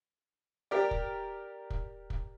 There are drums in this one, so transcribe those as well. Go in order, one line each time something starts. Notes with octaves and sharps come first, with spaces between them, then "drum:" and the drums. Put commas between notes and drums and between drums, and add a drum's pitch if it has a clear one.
G4 A#4 D5
drum: kick
drum: kick
drum: kick